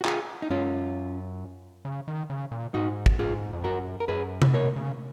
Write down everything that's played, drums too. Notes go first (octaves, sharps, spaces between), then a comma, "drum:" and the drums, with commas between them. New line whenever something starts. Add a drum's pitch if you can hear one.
F#4
F4 G#4, drum: clap
D#4
F#2 C#4 F4
C#3
D#3
C#3
A#2
G#2 D#4 F#4
drum: kick
G#2 F4 G#4
F2
F#2 F#4 A#4
A#4
F#2 G#4 B4
drum: tom C3
B2 A#4 C#5
C#3